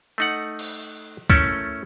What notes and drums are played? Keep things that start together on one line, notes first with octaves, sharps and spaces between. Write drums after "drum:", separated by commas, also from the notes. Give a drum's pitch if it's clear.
A3 D#4 F#5
drum: cymbal
A3 C#4 E4 A4 A#4, drum: kick C#2